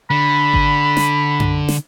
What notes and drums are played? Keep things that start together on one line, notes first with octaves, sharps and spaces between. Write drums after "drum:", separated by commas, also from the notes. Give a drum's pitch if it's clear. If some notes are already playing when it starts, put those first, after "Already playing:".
D3 B5
drum: kick G#1
drum: snare
drum: tom F#2
drum: snare